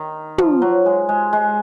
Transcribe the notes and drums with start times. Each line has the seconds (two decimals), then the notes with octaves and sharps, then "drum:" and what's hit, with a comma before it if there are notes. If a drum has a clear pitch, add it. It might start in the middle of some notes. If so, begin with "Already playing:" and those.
Already playing: D#3
0.38 F3, drum: tom
0.62 F#3
0.86 G#3
1.09 G#3
1.33 G#3